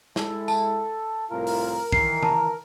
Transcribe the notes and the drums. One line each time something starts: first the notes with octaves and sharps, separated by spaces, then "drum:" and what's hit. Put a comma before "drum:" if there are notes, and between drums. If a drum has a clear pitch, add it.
G#3 E4 A4, drum: snare
A5, drum: tambourine
C2 A2 F4 A#4
drum: open hi-hat
D#3 E3 C7, drum: kick
A5 A#5, drum: tom C#3